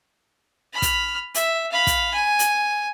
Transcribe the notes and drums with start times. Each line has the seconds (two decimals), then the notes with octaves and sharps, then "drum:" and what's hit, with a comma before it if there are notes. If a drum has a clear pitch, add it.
0.73 B5 F6
0.82 drum: kick, hi-hat
1.34 E5, drum: hi-hat
1.71 F5 B5
1.87 drum: kick, hi-hat
2.14 G#5
2.39 drum: hi-hat